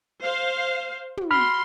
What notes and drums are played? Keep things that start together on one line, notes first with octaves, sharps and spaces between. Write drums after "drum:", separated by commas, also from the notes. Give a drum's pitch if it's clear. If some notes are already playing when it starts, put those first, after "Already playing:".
C5 F5
drum: tom
F#4 B5 C6 F6